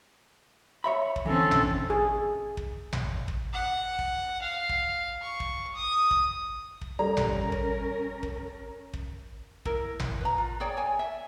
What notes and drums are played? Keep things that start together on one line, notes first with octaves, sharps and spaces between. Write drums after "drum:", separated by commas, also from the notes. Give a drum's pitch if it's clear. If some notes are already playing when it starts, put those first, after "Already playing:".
C#5 E5 B5
drum: kick
D3 E3 C4 C#4 A4
drum: tom
G#4
drum: kick
drum: tom
drum: kick
F#5
drum: kick
F5
drum: kick
C#6
drum: kick
D#6
drum: kick
drum: kick
G3 C#4 A4 A#4 D5 A#5
drum: tom
drum: kick
drum: kick
drum: kick
E4 A#4, drum: kick
drum: tom
B4 A#5
F4
G#4 C#5 D5 G5
C#5 G#5
E5